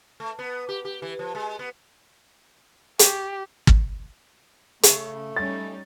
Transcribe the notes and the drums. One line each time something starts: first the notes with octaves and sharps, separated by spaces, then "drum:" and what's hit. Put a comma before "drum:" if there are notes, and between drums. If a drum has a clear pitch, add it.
A3
B3
G4
G4
E3
F3
G#3
B3
G4, drum: hi-hat
drum: kick
C#3 A3, drum: hi-hat
G3 C#4 D#4 A6